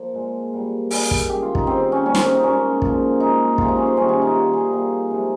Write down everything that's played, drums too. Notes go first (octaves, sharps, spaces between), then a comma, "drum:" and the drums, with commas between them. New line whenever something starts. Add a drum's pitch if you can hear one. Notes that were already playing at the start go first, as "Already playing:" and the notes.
Already playing: F3 A#3
A#2 G#3
A#2 G3 A#3
A#2 G3 A#3 G#4, drum: open hi-hat
drum: kick
C#3 G#3 G4
F4
D#4, drum: kick
D#3 G#3 C4
C4
C#4
A#2 G3 A#3 C#4
C4, drum: snare
C#4
D#4
A#2 G#3 C#4
C#3 F3 A#3, drum: kick
A#2 G#3 D#4
C3 F3 G#3 F4, drum: kick
D#4
C#4
C5
C3 D#3 G3 C#4
C#4
D#4
C3 G3 A#3 F4
G#4
A#2 G3 A#3
C3 F3 G#3